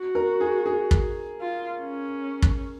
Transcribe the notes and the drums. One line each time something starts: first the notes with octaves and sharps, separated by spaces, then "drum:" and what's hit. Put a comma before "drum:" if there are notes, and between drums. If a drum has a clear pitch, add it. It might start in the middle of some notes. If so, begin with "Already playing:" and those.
Already playing: F#4
A#4
G#4
G#4
drum: kick
F4
C#4
drum: kick